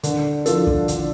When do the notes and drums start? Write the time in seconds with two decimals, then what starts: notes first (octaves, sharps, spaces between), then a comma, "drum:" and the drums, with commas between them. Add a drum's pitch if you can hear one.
0.03 D3, drum: hi-hat
0.46 F3 D4 F4 A4, drum: hi-hat
0.67 drum: kick
0.88 D3, drum: hi-hat